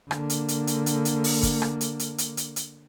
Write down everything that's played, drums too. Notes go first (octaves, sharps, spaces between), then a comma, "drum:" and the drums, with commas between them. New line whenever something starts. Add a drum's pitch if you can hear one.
D3 A#3, drum: rim click
drum: hi-hat
drum: hi-hat
drum: hi-hat
drum: hi-hat
drum: hi-hat
drum: open hi-hat
drum: kick, hi-hat
drum: rim click
drum: hi-hat
drum: hi-hat
drum: hi-hat
drum: hi-hat
drum: hi-hat